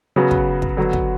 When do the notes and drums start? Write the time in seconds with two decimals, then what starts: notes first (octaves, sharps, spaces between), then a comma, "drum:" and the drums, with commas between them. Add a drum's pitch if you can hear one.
0.16 C#3 F#3 B3 F#4
0.31 drum: kick
0.62 drum: kick
0.77 D3 F#3 B3 F#4
0.93 drum: kick